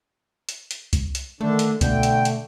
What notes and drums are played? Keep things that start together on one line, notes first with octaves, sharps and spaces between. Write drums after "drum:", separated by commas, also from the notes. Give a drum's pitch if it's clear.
drum: hi-hat
drum: hi-hat
drum: kick C2, hi-hat
drum: hi-hat
D3 D#3 A3 D4
drum: hi-hat
B2 D3 A3 G5, drum: kick C2, hi-hat
drum: hi-hat
drum: hi-hat